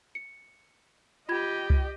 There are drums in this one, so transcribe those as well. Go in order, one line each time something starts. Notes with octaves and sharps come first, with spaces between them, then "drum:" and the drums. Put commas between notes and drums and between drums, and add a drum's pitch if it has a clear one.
C#7
F4 G4 D#5 B5 G#6
drum: kick C2